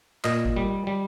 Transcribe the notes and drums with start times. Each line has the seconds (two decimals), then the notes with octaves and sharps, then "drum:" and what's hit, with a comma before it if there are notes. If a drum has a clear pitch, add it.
0.24 A#2 D#5, drum: clap
0.46 drum: kick G#1
0.56 G3
0.87 G3